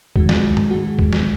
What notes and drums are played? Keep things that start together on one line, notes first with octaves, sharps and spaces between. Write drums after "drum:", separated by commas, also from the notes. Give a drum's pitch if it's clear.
D#3 G#3 F#4, drum: kick C#2
drum: snare
drum: tom
D#3 G#3 F#4
drum: kick C#2
drum: snare